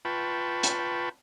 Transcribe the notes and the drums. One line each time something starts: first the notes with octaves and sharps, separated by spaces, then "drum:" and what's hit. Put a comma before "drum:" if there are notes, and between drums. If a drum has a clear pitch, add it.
F4 B4 G5 A5 B5 C#6
drum: hi-hat